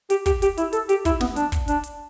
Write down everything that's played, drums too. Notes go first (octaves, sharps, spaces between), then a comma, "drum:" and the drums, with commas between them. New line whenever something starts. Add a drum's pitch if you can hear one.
G4, drum: hi-hat
G4, drum: kick, hi-hat
G4, drum: hi-hat
E4, drum: hi-hat
A4, drum: hi-hat
G4, drum: hi-hat
E4, drum: kick, hi-hat
B3, drum: snare
D4, drum: hi-hat
drum: kick, hi-hat
D4, drum: hi-hat
drum: hi-hat